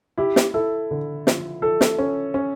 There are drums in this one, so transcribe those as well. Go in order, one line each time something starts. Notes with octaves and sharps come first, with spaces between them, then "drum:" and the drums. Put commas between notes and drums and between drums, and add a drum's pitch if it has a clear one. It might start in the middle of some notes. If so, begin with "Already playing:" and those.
E4 G4
drum: snare
E4 A4
D3
F3, drum: snare
F3 A4
drum: snare
C#4
C#4